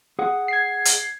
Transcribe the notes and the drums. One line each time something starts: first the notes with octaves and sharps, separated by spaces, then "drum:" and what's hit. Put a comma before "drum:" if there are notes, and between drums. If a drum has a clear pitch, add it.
G#4 F#5
G#6 C7
drum: hi-hat